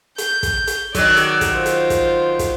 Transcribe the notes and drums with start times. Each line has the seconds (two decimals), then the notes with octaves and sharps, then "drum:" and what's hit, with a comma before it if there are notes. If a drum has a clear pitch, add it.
0.18 G6, drum: hi-hat
0.43 drum: kick, hi-hat
0.67 drum: hi-hat
0.95 D#3 F#3 D5, drum: kick, hi-hat
1.16 drum: hi-hat
1.41 drum: kick, hi-hat
1.55 F4 C5
1.66 drum: hi-hat
1.90 drum: kick, hi-hat
2.39 drum: kick, hi-hat